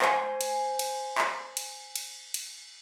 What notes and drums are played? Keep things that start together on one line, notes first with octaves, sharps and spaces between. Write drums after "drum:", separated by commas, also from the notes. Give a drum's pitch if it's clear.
C5 G#5, drum: clap
drum: cymbal
drum: cymbal
drum: clap
drum: cymbal
drum: cymbal
drum: cymbal